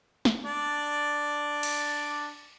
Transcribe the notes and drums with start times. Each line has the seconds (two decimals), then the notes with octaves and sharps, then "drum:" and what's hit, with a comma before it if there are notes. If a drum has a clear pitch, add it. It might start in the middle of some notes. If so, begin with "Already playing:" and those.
0.25 drum: snare
0.44 D4 D5
1.63 drum: cymbal